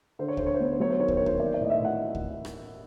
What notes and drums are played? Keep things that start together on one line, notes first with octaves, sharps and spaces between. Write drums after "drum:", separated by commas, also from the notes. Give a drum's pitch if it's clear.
D3 C5
C#5
D3 C5, drum: kick
C#5
C5
B3 C#5
C5
F#3 C#5
C5
D#3 C#5
C5, drum: kick
D#3 C#5
C5, drum: kick
A#3 D5
D5
A2 D#5
E5
A2
F#5
drum: kick
drum: rim click